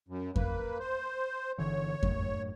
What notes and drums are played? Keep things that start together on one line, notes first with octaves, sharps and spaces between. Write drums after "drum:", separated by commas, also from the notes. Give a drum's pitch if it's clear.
F#2
A#3 B4, drum: kick F2
C5
G1 D3 E3 C#5
F#2 A2, drum: kick F2